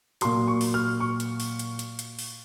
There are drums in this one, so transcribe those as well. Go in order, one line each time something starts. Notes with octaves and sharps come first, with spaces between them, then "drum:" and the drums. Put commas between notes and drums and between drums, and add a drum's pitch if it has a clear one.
A#2 F#3 C6, drum: hi-hat
C#6
drum: open hi-hat
F6
C#6
drum: hi-hat
drum: open hi-hat
drum: hi-hat
drum: hi-hat
drum: hi-hat
drum: open hi-hat